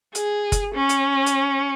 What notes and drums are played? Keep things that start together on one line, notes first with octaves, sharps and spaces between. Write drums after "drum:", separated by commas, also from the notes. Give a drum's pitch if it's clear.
G#4, drum: hi-hat
drum: kick F#1, hi-hat
C#4
drum: hi-hat
drum: hi-hat